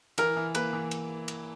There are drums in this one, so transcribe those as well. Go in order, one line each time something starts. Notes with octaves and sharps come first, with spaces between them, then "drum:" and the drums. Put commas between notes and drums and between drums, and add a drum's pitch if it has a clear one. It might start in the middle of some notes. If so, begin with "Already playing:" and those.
E3 A#4, drum: cymbal
E3
A#3 B4, drum: cymbal
E3
drum: cymbal
drum: cymbal